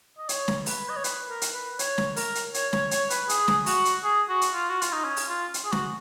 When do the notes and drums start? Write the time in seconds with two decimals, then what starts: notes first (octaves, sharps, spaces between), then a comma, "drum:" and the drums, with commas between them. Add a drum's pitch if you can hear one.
0.18 D#5
0.29 C#5, drum: hi-hat
0.48 drum: snare
0.66 B4, drum: open hi-hat
0.89 D#5
0.97 C#5
1.04 B4, drum: hi-hat
1.29 A#4
1.42 drum: hi-hat
1.54 B4
1.79 C#5, drum: hi-hat
1.98 drum: snare
2.16 A#4, drum: open hi-hat
2.35 drum: hi-hat
2.54 C#5, drum: hi-hat
2.73 C#5, drum: snare
2.91 C#5, drum: hi-hat
3.10 B4, drum: hi-hat
3.29 G#4, drum: hi-hat
3.48 drum: snare
3.66 F#4, drum: open hi-hat
3.85 drum: hi-hat
4.04 G#4
4.29 F#4
4.41 drum: hi-hat
4.54 F4
4.70 F#4
4.82 F4, drum: hi-hat
4.92 D#4
5.04 C#4
5.16 drum: open hi-hat
5.29 F4
5.54 drum: hi-hat
5.65 G#4
5.72 F#4, drum: snare